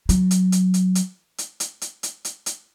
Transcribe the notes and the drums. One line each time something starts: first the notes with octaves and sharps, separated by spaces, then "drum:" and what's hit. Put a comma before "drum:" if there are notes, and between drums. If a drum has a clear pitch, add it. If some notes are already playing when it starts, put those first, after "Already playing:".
F#3, drum: hi-hat
drum: hi-hat
drum: hi-hat
drum: hi-hat
drum: hi-hat
drum: hi-hat
drum: hi-hat
drum: hi-hat
drum: hi-hat
drum: hi-hat
drum: hi-hat